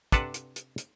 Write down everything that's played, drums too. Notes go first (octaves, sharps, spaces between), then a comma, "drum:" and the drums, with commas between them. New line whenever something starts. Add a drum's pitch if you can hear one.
C3 D4 A4 B4 F#5 A5, drum: kick, hi-hat
drum: hi-hat
drum: hi-hat
drum: hi-hat